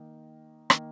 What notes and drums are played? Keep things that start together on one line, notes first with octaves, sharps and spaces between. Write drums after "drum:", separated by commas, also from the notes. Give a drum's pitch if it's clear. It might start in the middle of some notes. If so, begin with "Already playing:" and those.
Already playing: D#3 A#3 D#4
D#3 A#3 D#4, drum: rim click